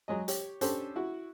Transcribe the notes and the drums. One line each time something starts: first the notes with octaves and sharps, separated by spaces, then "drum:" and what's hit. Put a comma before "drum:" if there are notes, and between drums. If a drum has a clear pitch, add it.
F#3 G#3 D#5
G4 C#5, drum: hi-hat
C#4 D4 G4 A4 C5, drum: hi-hat
E4 F#4